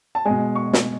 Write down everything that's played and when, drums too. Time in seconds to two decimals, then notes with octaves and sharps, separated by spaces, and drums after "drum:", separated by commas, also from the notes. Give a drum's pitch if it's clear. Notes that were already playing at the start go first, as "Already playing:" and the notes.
0.15 A5
0.25 B2 G#3 G#5
0.55 C#6
0.73 drum: snare